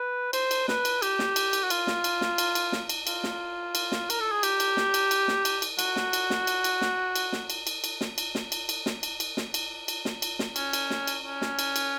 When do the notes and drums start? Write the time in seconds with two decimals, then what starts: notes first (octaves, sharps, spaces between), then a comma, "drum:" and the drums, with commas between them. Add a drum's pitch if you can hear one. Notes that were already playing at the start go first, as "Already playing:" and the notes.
Already playing: B4
0.33 C5, drum: cymbal
0.51 drum: cymbal
0.68 B4, drum: snare
0.85 drum: cymbal
1.02 G4, drum: cymbal
1.19 drum: snare
1.36 drum: cymbal
1.53 drum: cymbal
1.64 F#4
1.70 F4, drum: cymbal
1.87 drum: snare
2.04 drum: cymbal
2.21 drum: snare
2.38 drum: cymbal
2.55 drum: cymbal
2.72 drum: snare
2.89 drum: cymbal
3.07 F4, drum: cymbal
3.24 drum: snare
3.75 drum: cymbal
3.92 drum: snare
4.10 A#4, drum: cymbal
4.20 A4
4.32 G#4
4.43 G4, drum: cymbal
4.60 drum: cymbal
4.77 drum: snare
4.94 drum: cymbal
5.11 drum: cymbal
5.28 drum: snare
5.45 drum: cymbal
5.62 drum: cymbal
5.79 F#4, drum: cymbal
5.96 drum: snare
6.13 drum: cymbal
6.30 drum: snare
6.47 drum: cymbal
6.64 drum: cymbal
6.81 drum: snare
7.16 drum: cymbal
7.33 drum: snare
7.50 drum: cymbal
7.67 drum: cymbal
7.84 drum: cymbal
8.01 drum: snare
8.18 drum: cymbal
8.35 drum: snare
8.52 drum: cymbal
8.69 drum: cymbal
8.86 drum: snare
9.03 drum: cymbal
9.20 drum: cymbal
9.37 drum: snare
9.54 drum: cymbal
9.88 drum: cymbal
10.05 drum: snare
10.22 drum: cymbal
10.39 drum: snare
10.56 C#4, drum: cymbal
10.73 drum: cymbal
10.90 drum: snare
11.07 drum: cymbal
11.24 C#4
11.42 drum: snare
11.59 drum: cymbal
11.76 drum: cymbal